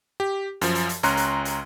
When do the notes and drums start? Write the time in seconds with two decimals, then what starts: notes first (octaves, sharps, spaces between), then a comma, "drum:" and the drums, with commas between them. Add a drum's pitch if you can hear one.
0.20 G4
0.61 F#2 F3, drum: hi-hat
0.75 drum: hi-hat
0.89 drum: hi-hat
1.03 C#2 C#4 A#5 C6 F#6, drum: hi-hat
1.17 drum: hi-hat
1.45 drum: hi-hat